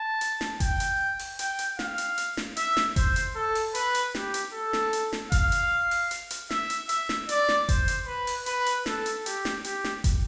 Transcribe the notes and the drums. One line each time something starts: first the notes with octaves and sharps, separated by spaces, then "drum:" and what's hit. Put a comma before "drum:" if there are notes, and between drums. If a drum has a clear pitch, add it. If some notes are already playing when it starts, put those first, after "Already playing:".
Already playing: A5
drum: hi-hat
drum: snare
G5, drum: kick F#1, hi-hat
drum: hi-hat
drum: open hi-hat
G5, drum: hi-hat
drum: hi-hat
F5, drum: snare
drum: hi-hat
drum: hi-hat
drum: snare
E5, drum: hi-hat
drum: snare
C5, drum: kick F#1, hi-hat
drum: hi-hat
A4
drum: open hi-hat
B4, drum: hi-hat
drum: hi-hat
G4, drum: snare
drum: hi-hat
A4
drum: snare
drum: hi-hat
drum: snare
F5, drum: kick F#1, hi-hat
drum: hi-hat
drum: open hi-hat
drum: hi-hat
drum: hi-hat
E5, drum: snare
drum: hi-hat
E5, drum: hi-hat
drum: snare
D5, drum: hi-hat
drum: snare
C5, drum: kick F#1, hi-hat
drum: hi-hat
B4
drum: open hi-hat
B4, drum: hi-hat
drum: hi-hat
A4, drum: snare
drum: hi-hat
G4, drum: hi-hat
drum: snare
G4, drum: hi-hat
drum: snare
drum: kick F#1, hi-hat